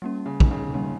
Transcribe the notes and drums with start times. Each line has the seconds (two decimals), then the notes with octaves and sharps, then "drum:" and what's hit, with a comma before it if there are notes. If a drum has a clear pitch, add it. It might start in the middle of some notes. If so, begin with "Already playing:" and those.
0.02 G3 A#3 C#4
0.26 C#3
0.40 D#3, drum: kick
0.51 C#3
0.74 C#3 G3 A#3 C#4